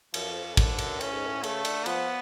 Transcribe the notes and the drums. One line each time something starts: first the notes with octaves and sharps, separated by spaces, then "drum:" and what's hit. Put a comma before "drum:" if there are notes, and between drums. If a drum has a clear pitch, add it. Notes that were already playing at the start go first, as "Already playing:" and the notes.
F#2 F3, drum: cymbal
F2
F2
F#2 D3, drum: kick, cymbal
F2
F#2, drum: cymbal
A2 C#4, drum: cymbal
G#2
A2
C#3 A3, drum: cymbal
D3, drum: cymbal
F3 B3, drum: cymbal